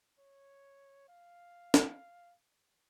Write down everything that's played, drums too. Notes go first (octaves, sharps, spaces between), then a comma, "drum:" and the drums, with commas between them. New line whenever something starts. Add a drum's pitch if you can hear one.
C#5
F5
drum: snare